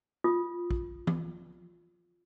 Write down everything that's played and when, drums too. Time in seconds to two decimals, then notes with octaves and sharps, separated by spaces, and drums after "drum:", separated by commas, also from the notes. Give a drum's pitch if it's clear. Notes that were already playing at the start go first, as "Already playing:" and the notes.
0.24 F4 D#6
0.71 drum: kick
1.07 drum: tom E3